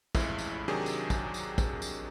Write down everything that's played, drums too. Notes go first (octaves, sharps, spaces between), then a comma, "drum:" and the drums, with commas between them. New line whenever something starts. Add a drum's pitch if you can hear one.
A1 F2 G#3 E4, drum: kick, tambourine
drum: tambourine
C3 D#3 F#3 D4 G4 G#4
drum: tambourine
drum: kick, tambourine
drum: tambourine
drum: kick, tambourine
drum: tambourine